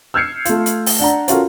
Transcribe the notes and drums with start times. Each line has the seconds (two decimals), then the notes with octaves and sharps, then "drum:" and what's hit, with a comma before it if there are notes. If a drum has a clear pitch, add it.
0.14 E6 F6 G6 G#6 C7 C#7
0.45 A3 F4, drum: hi-hat
0.66 drum: hi-hat
0.86 drum: open hi-hat
0.99 D4 F#5 A#5
1.28 C#4 F4 F#4 A4 A#4, drum: hi-hat